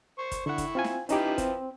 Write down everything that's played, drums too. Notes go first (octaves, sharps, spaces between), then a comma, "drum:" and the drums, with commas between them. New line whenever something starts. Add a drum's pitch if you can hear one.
C5 C#6
drum: kick, hi-hat
D3 E4 F#5 C#6
drum: kick, hi-hat
C4 F4 G#5
drum: snare
F3 C#4 D#4 E4 G4 B4, drum: hi-hat
C4, drum: kick, hi-hat